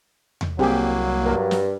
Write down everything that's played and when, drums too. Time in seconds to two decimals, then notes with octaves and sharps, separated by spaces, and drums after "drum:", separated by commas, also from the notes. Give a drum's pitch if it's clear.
0.41 drum: tom E2
0.59 C2 F#3 A#3 C4 G4 G#4
1.25 G2 A#4
1.51 drum: snare